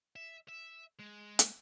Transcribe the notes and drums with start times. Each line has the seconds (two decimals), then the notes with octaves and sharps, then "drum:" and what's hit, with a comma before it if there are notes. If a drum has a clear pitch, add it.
0.16 E5
0.49 E5
1.00 G#3
1.39 drum: hi-hat